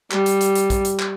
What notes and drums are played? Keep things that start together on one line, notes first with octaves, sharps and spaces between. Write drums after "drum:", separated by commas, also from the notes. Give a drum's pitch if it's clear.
G3, drum: clap
drum: hi-hat
drum: hi-hat
drum: hi-hat
drum: kick, hi-hat
drum: hi-hat
drum: clap